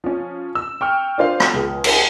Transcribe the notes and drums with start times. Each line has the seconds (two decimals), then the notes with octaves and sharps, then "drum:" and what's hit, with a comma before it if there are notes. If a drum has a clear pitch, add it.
0.04 F3 C#4
0.55 E6
0.81 G5 C#6 F6
1.18 D4 F4 C5 F5
1.40 drum: rim click
1.54 C#2 F3 G#4
1.84 drum: cymbal